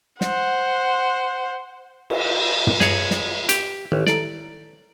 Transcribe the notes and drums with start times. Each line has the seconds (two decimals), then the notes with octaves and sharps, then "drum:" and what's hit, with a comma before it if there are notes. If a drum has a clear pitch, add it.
0.21 C5 F#5, drum: snare
2.10 drum: cymbal
2.67 drum: tom
2.80 G#4 C#5, drum: snare
3.11 drum: snare
3.49 G4, drum: hi-hat
3.92 A1 D#3 G4 C#5
4.07 E4 A4 D5 A#5, drum: snare